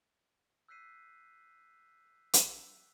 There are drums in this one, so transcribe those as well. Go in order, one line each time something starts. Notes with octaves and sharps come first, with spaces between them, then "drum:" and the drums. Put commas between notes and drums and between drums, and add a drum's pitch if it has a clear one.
E6 F#6 G6 B6 C7 D#7
drum: hi-hat